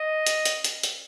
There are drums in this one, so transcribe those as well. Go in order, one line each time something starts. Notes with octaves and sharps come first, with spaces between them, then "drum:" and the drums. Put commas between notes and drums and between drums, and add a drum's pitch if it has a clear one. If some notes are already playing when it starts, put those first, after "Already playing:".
Already playing: D#5
drum: hi-hat
drum: hi-hat
drum: hi-hat
drum: hi-hat